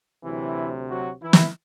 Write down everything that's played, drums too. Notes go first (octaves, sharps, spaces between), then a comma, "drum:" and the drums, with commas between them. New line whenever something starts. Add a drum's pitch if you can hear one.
D2 C3 E3 F#3 E4
F#3 F#4
E3 E4
drum: snare